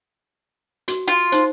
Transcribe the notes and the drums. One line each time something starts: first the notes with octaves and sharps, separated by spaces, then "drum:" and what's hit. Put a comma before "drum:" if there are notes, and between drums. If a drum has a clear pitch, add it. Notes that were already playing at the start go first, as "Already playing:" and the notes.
F#4, drum: hi-hat
F4
D#4 C5, drum: hi-hat